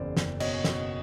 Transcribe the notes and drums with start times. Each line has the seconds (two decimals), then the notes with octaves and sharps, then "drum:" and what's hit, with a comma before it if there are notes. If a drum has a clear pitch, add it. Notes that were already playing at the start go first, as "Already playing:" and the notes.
Already playing: F#1 E2 C5 D5
0.17 F#1, drum: snare
0.40 B2 C#5 D#5, drum: cymbal
0.64 B2, drum: snare